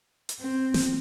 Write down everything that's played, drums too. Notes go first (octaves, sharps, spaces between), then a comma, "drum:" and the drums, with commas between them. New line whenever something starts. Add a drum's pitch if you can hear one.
drum: hi-hat
C4
drum: snare